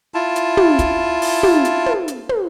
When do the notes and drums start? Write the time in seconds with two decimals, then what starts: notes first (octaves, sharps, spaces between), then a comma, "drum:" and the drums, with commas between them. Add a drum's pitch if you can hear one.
0.14 E4 F4 A5
0.36 drum: hi-hat
0.57 drum: tom
0.79 drum: kick, hi-hat
1.22 drum: open hi-hat
1.43 drum: tom
1.65 drum: hi-hat
1.86 drum: tom
2.08 drum: hi-hat
2.29 drum: tom